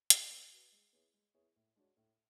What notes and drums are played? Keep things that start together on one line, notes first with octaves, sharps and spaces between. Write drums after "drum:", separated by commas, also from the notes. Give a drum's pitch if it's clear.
F#4 B4, drum: hi-hat
B3
F#4 B4
G#3
B3 E4 G#4 C#5
G#3
B3 E4 G#4 C#5
A2
G#3 D4 F#4 C#5
A2